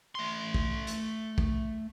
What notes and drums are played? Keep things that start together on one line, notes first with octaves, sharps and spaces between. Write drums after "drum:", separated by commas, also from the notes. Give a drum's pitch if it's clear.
A3 C6
drum: kick
drum: hi-hat
drum: kick